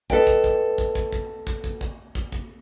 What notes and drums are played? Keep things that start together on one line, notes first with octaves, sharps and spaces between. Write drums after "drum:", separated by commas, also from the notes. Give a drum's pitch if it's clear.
A4 B4 D#5 G5, drum: kick
drum: kick
drum: kick
drum: kick
drum: kick
drum: kick
drum: kick
drum: kick
drum: kick
drum: kick
drum: kick